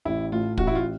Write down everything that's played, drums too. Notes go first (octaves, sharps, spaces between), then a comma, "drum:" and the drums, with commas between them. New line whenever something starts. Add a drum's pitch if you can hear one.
A1 E4
A2 F4
A1 F#4, drum: kick
E4
F4